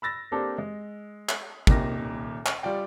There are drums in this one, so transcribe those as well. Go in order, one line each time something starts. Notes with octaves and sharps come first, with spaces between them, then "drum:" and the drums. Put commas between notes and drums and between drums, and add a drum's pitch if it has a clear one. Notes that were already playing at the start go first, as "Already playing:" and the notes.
B5 E6 A6 A#6
A#3 C4 D4 G4 A4 C5
G#3
drum: clap
D#1 C2 A#2 D#3 A#6, drum: kick
drum: clap
G3 F4 D5 G5